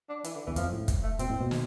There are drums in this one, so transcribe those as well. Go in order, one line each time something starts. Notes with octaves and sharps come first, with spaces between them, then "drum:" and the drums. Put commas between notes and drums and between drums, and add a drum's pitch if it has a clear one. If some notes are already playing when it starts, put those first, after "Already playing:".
D4
E3, drum: hi-hat
D3
E2 E3
F2 F3, drum: hi-hat
A2
drum: kick, hi-hat
A3
B2 C4, drum: hi-hat
A2
B2
drum: snare